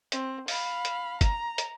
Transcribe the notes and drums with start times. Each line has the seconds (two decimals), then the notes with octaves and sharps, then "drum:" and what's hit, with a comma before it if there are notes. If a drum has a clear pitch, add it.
0.12 C4, drum: hi-hat
0.48 F5 B5, drum: open hi-hat
0.85 drum: hi-hat
1.21 A#5, drum: kick, hi-hat
1.58 drum: hi-hat